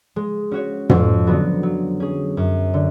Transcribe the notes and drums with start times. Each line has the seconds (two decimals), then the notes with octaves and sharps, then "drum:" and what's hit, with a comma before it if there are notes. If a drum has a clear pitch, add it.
0.16 G#3
0.51 C#4 F#4 C#5
0.90 F2, drum: tom
1.27 D3 F#3 B3 F#4
1.63 F#3
2.00 C#4 G#4
2.37 F#2
2.74 D3